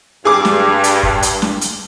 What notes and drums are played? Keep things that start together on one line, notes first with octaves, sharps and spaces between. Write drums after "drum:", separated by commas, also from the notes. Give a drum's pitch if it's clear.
G2 G#4 D6
drum: snare
drum: hi-hat
drum: kick
drum: hi-hat
drum: snare
drum: hi-hat